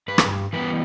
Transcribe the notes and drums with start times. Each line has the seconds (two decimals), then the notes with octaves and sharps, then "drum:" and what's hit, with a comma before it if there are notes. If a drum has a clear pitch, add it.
0.08 G2 B4
0.18 drum: rim click
0.53 E3 G3 B3 B4